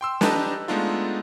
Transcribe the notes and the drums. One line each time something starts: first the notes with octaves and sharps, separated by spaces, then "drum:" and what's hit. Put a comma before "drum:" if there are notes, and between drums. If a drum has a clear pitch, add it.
G5 C6 E6
D4 D#4 G4 B4 D#5 A5, drum: snare
G#3 A3 B3 D4 D#4 F4